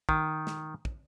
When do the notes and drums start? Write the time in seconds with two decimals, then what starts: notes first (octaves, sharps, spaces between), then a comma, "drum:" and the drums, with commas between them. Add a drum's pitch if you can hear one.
0.09 D#3, drum: kick
0.47 drum: snare
0.85 drum: kick